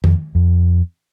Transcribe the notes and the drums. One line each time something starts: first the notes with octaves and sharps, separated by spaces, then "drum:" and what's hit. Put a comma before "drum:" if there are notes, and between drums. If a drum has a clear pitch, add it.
F2, drum: tom D#3
F2